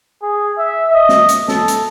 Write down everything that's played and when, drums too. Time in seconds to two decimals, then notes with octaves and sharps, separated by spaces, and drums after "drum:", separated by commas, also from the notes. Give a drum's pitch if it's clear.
0.22 G#4
0.58 E5
0.93 D#5
1.09 drum: snare
1.29 drum: hi-hat
1.48 A4, drum: snare
1.68 drum: hi-hat